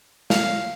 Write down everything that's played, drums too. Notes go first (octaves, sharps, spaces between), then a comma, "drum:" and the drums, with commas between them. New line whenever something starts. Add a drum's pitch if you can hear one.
F5, drum: snare